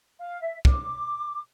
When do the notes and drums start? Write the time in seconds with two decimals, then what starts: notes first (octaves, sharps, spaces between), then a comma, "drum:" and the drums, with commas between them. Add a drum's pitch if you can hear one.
0.19 F5
0.41 E5
0.65 D6, drum: kick